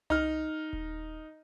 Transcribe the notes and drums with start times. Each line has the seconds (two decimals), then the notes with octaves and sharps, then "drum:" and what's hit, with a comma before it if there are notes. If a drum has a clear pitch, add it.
0.10 D#4 F6, drum: tom C2
0.73 drum: kick D#1